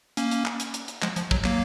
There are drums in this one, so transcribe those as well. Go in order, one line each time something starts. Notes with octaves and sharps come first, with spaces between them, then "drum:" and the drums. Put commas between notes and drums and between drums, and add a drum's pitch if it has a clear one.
A#3 C#4, drum: hi-hat
drum: hi-hat
drum: clap
drum: hi-hat
drum: hi-hat
drum: hi-hat
F3 G#3, drum: clap
F3, drum: hi-hat
F#3, drum: kick
F#3 A#3, drum: clap